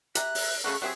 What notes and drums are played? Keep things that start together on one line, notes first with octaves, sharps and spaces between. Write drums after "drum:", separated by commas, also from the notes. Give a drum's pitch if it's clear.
G4 E5 A#5 F#6, drum: hi-hat
drum: open hi-hat
C#3 A3 F#4 G#4
F#3 C4 G4 G#4 E5